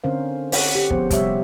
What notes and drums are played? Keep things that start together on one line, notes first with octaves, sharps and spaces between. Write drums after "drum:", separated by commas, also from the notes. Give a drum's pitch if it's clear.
D3 C4 C#4 A#4 C5 F5
C#5 F#5, drum: open hi-hat
G4
F3 B3 G#4 C5, drum: kick
C3 G3 G4 C#5 E5, drum: kick, hi-hat